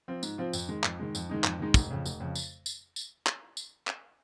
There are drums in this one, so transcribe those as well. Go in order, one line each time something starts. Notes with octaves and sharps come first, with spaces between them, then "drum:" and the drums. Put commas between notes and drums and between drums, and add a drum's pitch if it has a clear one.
F3 C4 F4
G#2, drum: tambourine
F3 C4 F4
F2, drum: tambourine
D#3 G#3
F2, drum: clap
D#3 G#3
F2, drum: tambourine
D#3 G#3 D#4
F2, drum: clap
D#3 G#3 D#4
F1, drum: kick, tambourine
F2 C#3
F1, drum: tambourine
F2 C#3
drum: tambourine
drum: tambourine
drum: tambourine
drum: clap
drum: tambourine
drum: clap